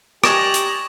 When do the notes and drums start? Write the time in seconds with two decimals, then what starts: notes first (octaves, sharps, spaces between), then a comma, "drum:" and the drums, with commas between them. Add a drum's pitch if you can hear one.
0.24 G4 D5 D#5 G#5 A#5 C#6 F#6 E7, drum: rim click
0.54 drum: hi-hat